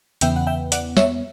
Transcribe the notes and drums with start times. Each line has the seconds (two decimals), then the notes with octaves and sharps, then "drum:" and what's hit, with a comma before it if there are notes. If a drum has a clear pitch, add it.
0.21 E2 C#3 E3 B3 E5 G5, drum: hi-hat
0.36 F#5
0.47 E5 G5
0.72 D5 F#5, drum: hi-hat
0.97 C#5 E5, drum: snare